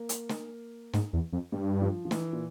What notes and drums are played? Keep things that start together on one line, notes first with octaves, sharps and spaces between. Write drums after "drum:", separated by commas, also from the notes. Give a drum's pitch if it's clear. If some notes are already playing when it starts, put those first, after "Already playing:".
Already playing: A#3
drum: hi-hat
drum: snare
G#2, drum: snare
E2
F2
G2 G3
F3
F3
E3, drum: snare
A#2